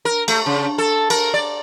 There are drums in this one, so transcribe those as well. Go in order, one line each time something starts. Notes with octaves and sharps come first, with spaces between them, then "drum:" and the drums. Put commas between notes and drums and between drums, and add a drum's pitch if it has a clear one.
A#4
A3, drum: cymbal
C#3
A4
A#4, drum: cymbal
D5